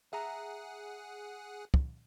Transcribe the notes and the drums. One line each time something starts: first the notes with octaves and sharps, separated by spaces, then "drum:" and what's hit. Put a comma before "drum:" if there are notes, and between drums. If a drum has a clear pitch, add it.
G#4 E5 F#5 A#5
drum: kick